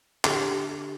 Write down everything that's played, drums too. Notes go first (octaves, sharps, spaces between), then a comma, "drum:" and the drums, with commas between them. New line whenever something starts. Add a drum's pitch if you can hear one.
D3 G4 A4, drum: clap